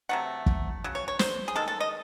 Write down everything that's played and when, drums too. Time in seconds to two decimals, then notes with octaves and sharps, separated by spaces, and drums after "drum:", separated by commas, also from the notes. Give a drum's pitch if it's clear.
0.09 C3 F#3 A3 F#5
0.46 drum: kick
0.84 C#3 F#3
0.95 C#5
1.08 C#5
1.19 C5, drum: snare
1.48 G#4
1.56 D#3 G#3 A4
1.68 A4
1.80 D#5